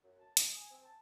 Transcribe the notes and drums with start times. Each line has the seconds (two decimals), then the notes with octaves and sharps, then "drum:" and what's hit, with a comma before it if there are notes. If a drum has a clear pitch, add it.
0.03 F#2
0.19 A5
0.37 D#6, drum: hi-hat
0.55 G#5
0.70 C4
0.83 A5